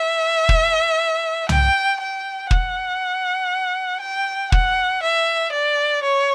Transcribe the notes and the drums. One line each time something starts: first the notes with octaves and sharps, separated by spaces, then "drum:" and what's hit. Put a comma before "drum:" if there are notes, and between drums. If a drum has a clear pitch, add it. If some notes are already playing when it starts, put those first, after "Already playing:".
Already playing: E5
drum: kick
G5, drum: tom C2
G5
F#5, drum: kick
G5
F#5, drum: kick
E5
D5
C#5